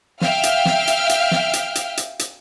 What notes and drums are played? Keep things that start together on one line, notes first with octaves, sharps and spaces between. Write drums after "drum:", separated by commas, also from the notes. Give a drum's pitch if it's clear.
E5 F5 G5 F6, drum: snare
drum: hi-hat
drum: snare
drum: hi-hat
drum: hi-hat
drum: snare
drum: hi-hat
drum: hi-hat
drum: hi-hat
drum: hi-hat